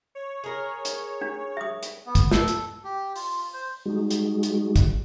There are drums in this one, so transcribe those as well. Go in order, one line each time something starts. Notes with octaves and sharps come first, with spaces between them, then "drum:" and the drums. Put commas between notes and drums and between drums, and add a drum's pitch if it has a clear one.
C#5
G#4 A#4
drum: hi-hat
D4
E5 D#6
drum: hi-hat
B3
drum: kick, hi-hat
A4, drum: snare
drum: hi-hat
G4
F4, drum: open hi-hat
C5
G3 G#3 D#4 F#4 G#4
drum: hi-hat
drum: hi-hat
drum: kick, hi-hat